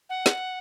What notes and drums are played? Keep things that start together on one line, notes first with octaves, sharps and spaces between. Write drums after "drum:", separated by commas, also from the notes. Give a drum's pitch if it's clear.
F#5
drum: snare